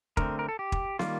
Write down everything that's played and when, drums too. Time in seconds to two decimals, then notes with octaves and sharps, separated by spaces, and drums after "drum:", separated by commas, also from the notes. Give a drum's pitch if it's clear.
0.17 D3 A3 C4 A#4, drum: kick
0.39 A#4
0.49 A4
0.59 G4
0.72 drum: kick
0.99 D#3 G3 A#3 F4, drum: snare